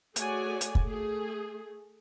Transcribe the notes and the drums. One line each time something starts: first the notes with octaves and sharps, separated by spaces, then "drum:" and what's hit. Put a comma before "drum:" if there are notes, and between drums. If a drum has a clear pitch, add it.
A3 F#4 G#4 C#5 D5 G#5, drum: hi-hat
drum: hi-hat
drum: kick
A3 G#4